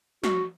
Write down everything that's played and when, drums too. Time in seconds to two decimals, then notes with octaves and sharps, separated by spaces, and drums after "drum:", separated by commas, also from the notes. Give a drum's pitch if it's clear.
0.24 F#4, drum: snare F3